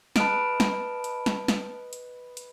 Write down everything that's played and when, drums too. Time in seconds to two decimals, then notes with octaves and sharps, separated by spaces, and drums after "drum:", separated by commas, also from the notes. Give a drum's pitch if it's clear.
0.16 B4 D#5 A5 F6 D7, drum: snare
0.60 drum: snare
1.04 drum: hi-hat
1.26 drum: snare
1.48 drum: snare
1.93 drum: hi-hat
2.37 drum: hi-hat